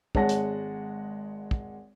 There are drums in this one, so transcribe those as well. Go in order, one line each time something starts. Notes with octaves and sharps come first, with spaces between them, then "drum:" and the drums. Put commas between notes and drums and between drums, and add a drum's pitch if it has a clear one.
G#1 G#3 C#5 F#5 A5 A#6, drum: kick
drum: hi-hat
drum: kick